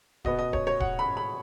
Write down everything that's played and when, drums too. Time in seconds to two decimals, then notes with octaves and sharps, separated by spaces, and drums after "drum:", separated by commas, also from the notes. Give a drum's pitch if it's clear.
0.25 B2 B3 D#5, drum: kick D1
0.39 D#5
0.53 C#5, drum: kick D1
0.67 C#5
0.80 F#5, drum: kick D1
0.99 B5
1.17 B5